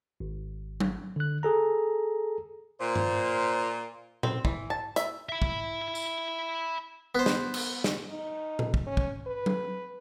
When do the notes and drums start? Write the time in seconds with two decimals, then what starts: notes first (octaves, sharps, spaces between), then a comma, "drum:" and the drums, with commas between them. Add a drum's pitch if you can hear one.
0.20 G#1
0.80 drum: tom F#3
1.16 D3 F#6
1.43 G#4 A4 A#5
2.81 A#2 C5
2.96 drum: tom G2
4.23 C4, drum: tom A#2
4.45 E3, drum: kick
4.70 A5
4.96 E5, drum: hi-hat
5.29 E5 B5
5.42 drum: kick
5.95 drum: tambourine
7.15 B3 C5
7.26 drum: snare
7.54 drum: cymbal
7.84 drum: snare
8.10 D#4
8.59 drum: tom A#2
8.74 drum: kick
8.87 C#4
8.97 drum: kick
9.27 B4
9.46 drum: tom F#3